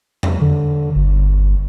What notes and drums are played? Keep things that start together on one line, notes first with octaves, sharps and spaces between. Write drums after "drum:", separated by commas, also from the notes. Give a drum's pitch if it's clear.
drum: tom E2
D3
G1